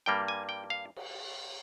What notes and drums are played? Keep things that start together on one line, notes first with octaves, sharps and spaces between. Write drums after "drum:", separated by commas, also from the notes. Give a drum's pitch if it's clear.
G2 G3 A#3 G5
G#5
G5
F5
drum: cymbal